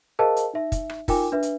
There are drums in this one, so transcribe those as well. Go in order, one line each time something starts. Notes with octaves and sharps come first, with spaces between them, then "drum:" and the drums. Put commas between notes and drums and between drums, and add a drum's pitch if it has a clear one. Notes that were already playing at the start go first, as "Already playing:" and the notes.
G#4 A#4 C5 D#5 F5 A5
drum: hi-hat
D#4 E5
drum: kick, hi-hat
drum: rim click
D#4 F4 A#4 G5 G#5 D6, drum: kick, open hi-hat
D4 B4 E5
drum: hi-hat